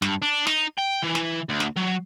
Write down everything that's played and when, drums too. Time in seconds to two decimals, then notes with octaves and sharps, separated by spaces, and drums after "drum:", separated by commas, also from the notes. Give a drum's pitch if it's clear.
0.02 G2, drum: snare
0.22 D4
0.47 D#4, drum: snare
0.78 G5
1.02 E3
1.15 drum: snare
1.49 D2
1.60 drum: snare
1.77 F#3